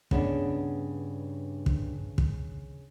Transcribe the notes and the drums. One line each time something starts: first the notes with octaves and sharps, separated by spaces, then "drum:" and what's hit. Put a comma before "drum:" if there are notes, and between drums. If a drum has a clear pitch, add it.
G2 C#3 B3 D4, drum: kick
drum: kick
drum: kick